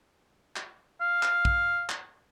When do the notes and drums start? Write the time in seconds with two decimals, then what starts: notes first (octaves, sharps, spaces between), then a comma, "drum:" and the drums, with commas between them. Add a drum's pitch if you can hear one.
0.56 drum: clap
1.01 F5
1.23 drum: clap
1.45 drum: kick
1.89 drum: clap